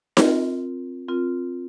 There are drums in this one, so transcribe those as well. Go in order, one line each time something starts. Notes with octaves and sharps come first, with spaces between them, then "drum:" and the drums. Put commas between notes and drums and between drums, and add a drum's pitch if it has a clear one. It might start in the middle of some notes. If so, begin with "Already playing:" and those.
C4 F4 A#4, drum: snare D#4
C4 F4 A#4